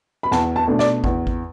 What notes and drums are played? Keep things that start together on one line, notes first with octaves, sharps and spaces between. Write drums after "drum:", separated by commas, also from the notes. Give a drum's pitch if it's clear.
B5
E2 A5, drum: snare
A5
B2 A3 D4
D5, drum: snare
E2, drum: kick G#1
drum: kick G#1